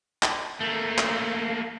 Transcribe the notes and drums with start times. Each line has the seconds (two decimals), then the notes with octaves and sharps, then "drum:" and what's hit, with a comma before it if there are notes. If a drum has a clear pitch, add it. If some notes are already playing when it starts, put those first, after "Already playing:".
0.23 drum: clap
0.60 A3 A#3
0.98 drum: clap